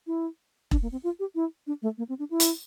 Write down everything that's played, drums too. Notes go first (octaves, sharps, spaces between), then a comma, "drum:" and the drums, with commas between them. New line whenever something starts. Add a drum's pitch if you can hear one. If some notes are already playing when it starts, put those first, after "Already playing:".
E4
D4, drum: kick E1
A#3
C4
F4
G4
E4
D4
A3
A#3
C4
D4
E4
drum: hi-hat